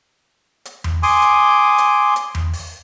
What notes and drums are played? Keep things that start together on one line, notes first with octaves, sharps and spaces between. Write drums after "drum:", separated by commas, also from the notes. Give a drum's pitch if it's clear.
drum: hi-hat
drum: tom E2
G#5 C6 D6 D#6, drum: open hi-hat
drum: hi-hat
drum: hi-hat
drum: hi-hat
drum: tom E2
drum: open hi-hat